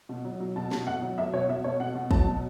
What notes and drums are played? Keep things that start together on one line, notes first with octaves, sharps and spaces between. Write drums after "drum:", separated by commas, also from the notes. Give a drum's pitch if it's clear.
B2
F#3
F#3
B2 A5
B2, drum: snare
B2 F#5
F#3
F#3 E5
B2 C#5
B2 E5
B2 C#5
B2 F#5
B2
F#3 A5, drum: kick
B2